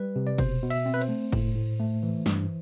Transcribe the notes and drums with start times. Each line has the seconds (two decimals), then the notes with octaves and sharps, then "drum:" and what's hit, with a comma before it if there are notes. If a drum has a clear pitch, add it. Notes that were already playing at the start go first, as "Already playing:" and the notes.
Already playing: G3 B4
0.16 C3
0.27 D5
0.38 B2 C5, drum: kick, cymbal
0.62 B2
0.70 E5, drum: cymbal
0.86 C4
0.94 B4
1.01 C5, drum: cymbal
1.08 A3
1.32 A2, drum: kick, cymbal
1.55 A2
1.79 A3
2.03 E3
2.26 G2, drum: snare